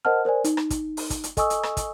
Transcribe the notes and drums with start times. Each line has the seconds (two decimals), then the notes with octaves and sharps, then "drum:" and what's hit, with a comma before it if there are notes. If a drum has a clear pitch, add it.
0.05 A#4 C5 D#5 F#5 A5 F6
0.25 A#4 C5 D5 G#5
0.44 D#4, drum: hi-hat
0.57 drum: rim click
0.70 drum: kick, hi-hat
0.97 drum: open hi-hat
1.10 drum: kick, hi-hat
1.24 drum: hi-hat
1.37 A4 D#5 G#5 C#6 D#6 E6, drum: kick, hi-hat
1.50 drum: hi-hat
1.63 drum: rim click
1.77 drum: kick, hi-hat